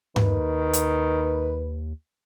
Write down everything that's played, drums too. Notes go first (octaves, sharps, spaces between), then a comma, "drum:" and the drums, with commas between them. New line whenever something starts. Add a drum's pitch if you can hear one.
D#2 D#3 B4, drum: tom G2
drum: hi-hat